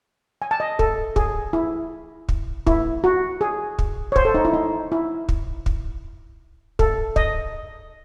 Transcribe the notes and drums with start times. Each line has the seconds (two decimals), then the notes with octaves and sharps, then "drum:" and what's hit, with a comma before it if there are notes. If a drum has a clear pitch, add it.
0.42 G#5
0.51 A5
0.60 D#5
0.79 A4, drum: kick
1.16 G#4, drum: kick
1.53 E4
2.29 drum: kick
2.67 E4, drum: kick
3.04 F#4
3.41 G#4
3.79 drum: kick
4.12 C#5
4.16 C5, drum: kick
4.25 A4
4.35 D#4
4.45 E4
4.54 D#4
4.92 E4
5.29 drum: kick
5.66 drum: kick
6.79 A4, drum: kick
7.16 D#5, drum: kick